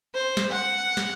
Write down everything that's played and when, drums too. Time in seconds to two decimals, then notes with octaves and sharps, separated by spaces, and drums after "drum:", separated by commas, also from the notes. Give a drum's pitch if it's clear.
0.15 C5
0.37 drum: snare
0.52 F#5
0.97 drum: snare